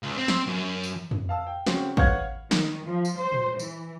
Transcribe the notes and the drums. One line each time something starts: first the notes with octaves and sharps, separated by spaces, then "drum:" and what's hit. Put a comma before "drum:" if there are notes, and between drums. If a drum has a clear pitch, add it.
C#2
C4
drum: snare
F#2
drum: tambourine
drum: tom F2
F5 A5 E6
G5
C#3 C4 F#4, drum: snare
B4 C#5 F5 F#5 F6 G#6, drum: kick
D#3, drum: snare
F3
drum: tambourine
C5
drum: tom A#2
E3, drum: tambourine